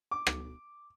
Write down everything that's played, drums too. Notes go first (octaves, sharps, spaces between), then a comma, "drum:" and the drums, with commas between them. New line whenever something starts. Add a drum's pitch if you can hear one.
D6
drum: rim click